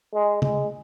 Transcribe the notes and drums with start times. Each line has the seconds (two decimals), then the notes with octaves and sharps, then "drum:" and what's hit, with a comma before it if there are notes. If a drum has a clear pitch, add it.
0.13 G#3
0.42 G#3, drum: tom C#3